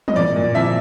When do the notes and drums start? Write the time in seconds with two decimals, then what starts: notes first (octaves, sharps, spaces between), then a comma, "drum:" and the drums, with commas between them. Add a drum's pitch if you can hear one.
0.08 D#5, drum: tom
0.16 A#2 D5
0.36 A#2
0.55 F3 E5